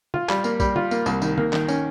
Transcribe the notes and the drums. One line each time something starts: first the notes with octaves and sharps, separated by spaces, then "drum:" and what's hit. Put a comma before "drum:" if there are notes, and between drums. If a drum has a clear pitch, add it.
F4, drum: tom
G3, drum: clap
A#3, drum: tambourine
G3, drum: kick A#1, tambourine
F4, drum: tom
A#3, drum: tambourine
C2, drum: tambourine
D#3, drum: tambourine
A#3, drum: tom
D#3, drum: clap
C#4, drum: tambourine